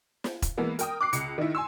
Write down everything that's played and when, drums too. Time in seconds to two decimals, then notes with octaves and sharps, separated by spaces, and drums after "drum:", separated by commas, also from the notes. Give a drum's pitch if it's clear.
0.24 drum: snare
0.42 drum: kick E1, hi-hat
0.57 E3 G#3 A#3 B3
0.79 A#4 G5 D#6, drum: hi-hat
1.01 D6 F#6 C7
1.13 C#2 C#7, drum: hi-hat
1.38 D#3 D#4 E4
1.55 G#5 C6 E6